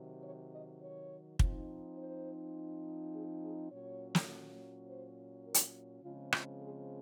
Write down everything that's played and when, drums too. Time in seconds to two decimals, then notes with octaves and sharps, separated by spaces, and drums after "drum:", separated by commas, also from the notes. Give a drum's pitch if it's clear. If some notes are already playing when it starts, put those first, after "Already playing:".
Already playing: C3 D#3 F#3
0.24 C#5
0.52 D#5
0.81 C#5
1.39 F3 C4 D#4, drum: kick
1.97 C5
3.13 G#4
3.42 G#4
3.71 A#2 F#3 C#4 C#5
4.15 drum: snare
4.87 C5
5.44 A#4
5.54 drum: hi-hat
6.03 C#3 F3 G#3 C4 F4
6.32 F4, drum: rim click
6.61 G#4